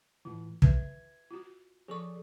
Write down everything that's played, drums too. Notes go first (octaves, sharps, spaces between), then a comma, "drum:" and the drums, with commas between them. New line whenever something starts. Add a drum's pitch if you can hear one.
A2 E3 F4
B4 E5 G#6, drum: kick
F4 F#4
F3 G#4 A4 D5 C#6